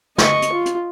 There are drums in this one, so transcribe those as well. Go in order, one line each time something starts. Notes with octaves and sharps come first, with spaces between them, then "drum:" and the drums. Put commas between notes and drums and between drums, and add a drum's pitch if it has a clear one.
D#5 C#6, drum: snare
drum: hi-hat
F4
drum: hi-hat